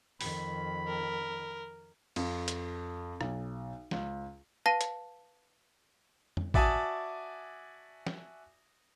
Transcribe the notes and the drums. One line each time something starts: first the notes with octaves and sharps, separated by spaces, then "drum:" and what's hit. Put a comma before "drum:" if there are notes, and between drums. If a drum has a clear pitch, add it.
F2 D#3 B5, drum: open hi-hat
A#4
F2, drum: cymbal
drum: hi-hat
B1, drum: rim click
C#2, drum: snare
B4 F5 A5 A#6 D#7
drum: hi-hat
drum: tom F2
F#4 D5 E5 G#5 A5 D#6, drum: kick A1
drum: snare